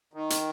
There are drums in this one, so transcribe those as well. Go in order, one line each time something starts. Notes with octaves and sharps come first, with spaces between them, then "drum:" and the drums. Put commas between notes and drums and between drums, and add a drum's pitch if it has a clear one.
D#3
drum: hi-hat